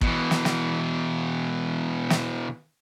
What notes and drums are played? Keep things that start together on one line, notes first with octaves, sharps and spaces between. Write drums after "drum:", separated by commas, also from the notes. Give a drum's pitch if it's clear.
B2 E3, drum: kick
drum: snare
drum: snare
drum: snare